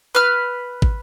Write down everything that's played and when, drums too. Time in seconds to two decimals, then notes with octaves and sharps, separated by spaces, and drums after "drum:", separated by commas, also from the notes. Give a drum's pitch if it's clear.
0.15 B4 F6
0.82 drum: kick